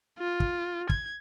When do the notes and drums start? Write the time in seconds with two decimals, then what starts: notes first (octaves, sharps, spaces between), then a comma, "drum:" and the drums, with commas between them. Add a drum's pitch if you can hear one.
0.19 F4
0.40 drum: kick
0.89 G#6, drum: kick